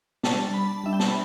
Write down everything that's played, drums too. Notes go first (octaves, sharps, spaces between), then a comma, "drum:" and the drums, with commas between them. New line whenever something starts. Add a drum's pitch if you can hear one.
G3 D4 A5, drum: snare
B5
G3 D4 E5
G5
A5, drum: snare
B5